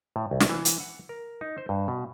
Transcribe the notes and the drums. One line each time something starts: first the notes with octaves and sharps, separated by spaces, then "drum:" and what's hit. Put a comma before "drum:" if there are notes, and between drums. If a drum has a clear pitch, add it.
A2
C2
drum: snare
E3
drum: hi-hat
F#5
A#4
D#4
C5
G2
B2